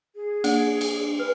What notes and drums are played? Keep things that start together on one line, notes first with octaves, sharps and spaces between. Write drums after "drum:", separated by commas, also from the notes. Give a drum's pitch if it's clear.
G#4
A#3 D4, drum: cymbal
drum: cymbal
B4 F6